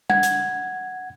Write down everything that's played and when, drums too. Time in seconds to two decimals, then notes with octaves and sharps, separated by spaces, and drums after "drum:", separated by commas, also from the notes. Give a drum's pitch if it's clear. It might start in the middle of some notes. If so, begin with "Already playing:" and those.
0.10 F#5 G#6, drum: tom G3
0.23 drum: hi-hat